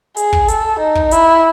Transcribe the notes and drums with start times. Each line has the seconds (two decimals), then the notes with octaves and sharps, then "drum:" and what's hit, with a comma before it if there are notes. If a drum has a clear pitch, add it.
0.17 G#4, drum: hi-hat
0.33 drum: kick
0.49 A4, drum: hi-hat
0.80 D#4
0.95 drum: kick
1.11 E4, drum: hi-hat